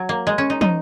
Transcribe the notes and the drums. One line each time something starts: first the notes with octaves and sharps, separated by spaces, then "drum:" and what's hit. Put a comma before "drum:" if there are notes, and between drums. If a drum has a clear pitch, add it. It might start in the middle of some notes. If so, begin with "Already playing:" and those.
Already playing: F#3
A#3
G#3
C#4
D#4
D#4, drum: tom